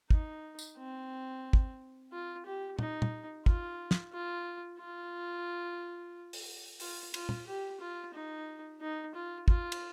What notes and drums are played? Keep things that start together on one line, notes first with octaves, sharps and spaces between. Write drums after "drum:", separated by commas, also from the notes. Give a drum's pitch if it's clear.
D#4, drum: kick
drum: tambourine
C4
drum: kick
F4
G4
D#4, drum: tom
drum: tom
F4, drum: kick
drum: snare
F4
F4
drum: open hi-hat
F4, drum: open hi-hat
F4, drum: cymbal
drum: tom
G4
F4
D#4
D#4
F4
F4, drum: kick
drum: cymbal